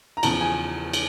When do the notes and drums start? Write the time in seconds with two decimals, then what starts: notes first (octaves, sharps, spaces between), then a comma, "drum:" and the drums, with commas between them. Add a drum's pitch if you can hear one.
0.17 A#5
0.23 E2 C#3 F3 A5, drum: cymbal
0.41 G#5
0.93 drum: cymbal